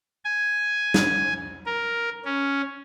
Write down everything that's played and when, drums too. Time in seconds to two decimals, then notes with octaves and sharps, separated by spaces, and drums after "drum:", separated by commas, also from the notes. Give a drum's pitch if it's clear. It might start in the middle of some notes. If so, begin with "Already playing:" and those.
0.25 G#5
0.94 drum: snare
1.66 A#4
2.25 C#4